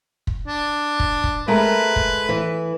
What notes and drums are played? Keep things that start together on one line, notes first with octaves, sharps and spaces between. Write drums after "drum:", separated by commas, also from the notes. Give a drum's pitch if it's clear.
drum: kick
D4
drum: kick
drum: kick
G#3 A3 A#4 B4
drum: kick
E3